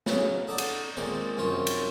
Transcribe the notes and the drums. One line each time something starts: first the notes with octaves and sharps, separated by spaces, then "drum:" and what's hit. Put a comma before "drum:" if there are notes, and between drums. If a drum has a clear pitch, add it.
C#3 F#3, drum: snare
D#4 A4 D5 F#5
drum: cymbal
A#2 D#3 G#3 C4 D5
C2 F#2 C4 F4 C#5
drum: cymbal